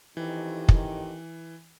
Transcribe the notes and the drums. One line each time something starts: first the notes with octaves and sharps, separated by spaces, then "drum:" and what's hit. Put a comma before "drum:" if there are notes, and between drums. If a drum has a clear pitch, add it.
F2 D#3 E3 G4
drum: kick